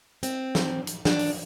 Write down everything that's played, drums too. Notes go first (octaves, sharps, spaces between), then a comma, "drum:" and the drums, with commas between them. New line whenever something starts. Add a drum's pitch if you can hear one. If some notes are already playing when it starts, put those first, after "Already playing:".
C4, drum: hi-hat
drum: snare
drum: hi-hat
D4, drum: snare
drum: open hi-hat